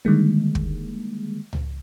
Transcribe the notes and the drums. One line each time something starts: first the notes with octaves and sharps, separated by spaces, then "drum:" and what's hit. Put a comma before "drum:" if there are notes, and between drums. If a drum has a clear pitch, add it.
D3 D#3 G3 G#3 A#3
drum: kick
drum: tom C#2